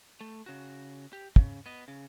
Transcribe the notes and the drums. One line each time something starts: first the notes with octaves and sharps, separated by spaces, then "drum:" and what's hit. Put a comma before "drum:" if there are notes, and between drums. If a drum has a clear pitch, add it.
A3
C#3 F#4
G4
C#3, drum: kick
B3 D#5
C#3